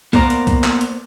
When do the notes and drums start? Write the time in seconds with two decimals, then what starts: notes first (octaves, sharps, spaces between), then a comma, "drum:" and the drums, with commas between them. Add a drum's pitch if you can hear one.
0.13 A#3 B3 A#4 C5 D5 A#5, drum: kick B1, open hi-hat
0.30 drum: hi-hat
0.47 drum: kick B1, hi-hat
0.64 drum: clap
0.81 drum: hi-hat